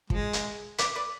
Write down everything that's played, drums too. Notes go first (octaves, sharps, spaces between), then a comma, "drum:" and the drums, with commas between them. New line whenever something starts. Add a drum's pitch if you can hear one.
F3 G#3, drum: kick
drum: hi-hat
B4 D5, drum: hi-hat
B4 D5